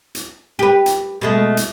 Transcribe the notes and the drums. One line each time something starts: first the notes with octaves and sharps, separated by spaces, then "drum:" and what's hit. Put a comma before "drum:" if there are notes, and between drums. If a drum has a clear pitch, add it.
drum: hi-hat
G4 B4
drum: hi-hat
B2 G#3 A3
drum: hi-hat